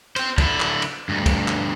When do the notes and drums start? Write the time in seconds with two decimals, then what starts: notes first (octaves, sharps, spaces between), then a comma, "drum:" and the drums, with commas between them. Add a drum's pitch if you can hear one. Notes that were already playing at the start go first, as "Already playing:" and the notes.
0.16 C5 G5, drum: cymbal
0.38 D3 E4, drum: kick, cymbal
0.60 drum: clap
0.82 drum: cymbal
1.09 D2 G2
1.26 drum: kick, cymbal
1.48 drum: clap